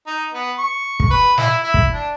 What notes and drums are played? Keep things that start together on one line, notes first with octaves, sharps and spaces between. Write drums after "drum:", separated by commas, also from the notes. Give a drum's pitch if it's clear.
D#4
B3
C#6
drum: kick
B4
E4, drum: snare
E4
drum: kick
D4